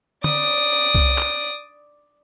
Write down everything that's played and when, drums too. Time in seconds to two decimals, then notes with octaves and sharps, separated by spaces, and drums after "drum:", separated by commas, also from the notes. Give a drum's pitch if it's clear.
0.24 D5 D#6, drum: tom
0.95 drum: kick C2
1.18 drum: clap